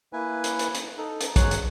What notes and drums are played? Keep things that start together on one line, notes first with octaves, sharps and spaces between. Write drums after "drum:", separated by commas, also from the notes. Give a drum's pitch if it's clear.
A#3 E4 B4 G#5
drum: hi-hat
drum: hi-hat
drum: hi-hat
D#4 A4
drum: hi-hat
F#3 G#3 C#5 F#6, drum: kick, hi-hat
drum: hi-hat